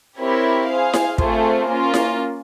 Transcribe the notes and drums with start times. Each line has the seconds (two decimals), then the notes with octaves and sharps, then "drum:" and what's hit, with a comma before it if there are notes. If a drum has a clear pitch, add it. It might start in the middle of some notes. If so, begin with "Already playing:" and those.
0.18 C4 E4 G4 A#4 C#5
0.68 G#4 C5 F5
0.94 drum: snare E4
1.18 A3 C4 F4 G#4 C5, drum: kick
1.69 A#3 C#4 F4
1.94 drum: snare E4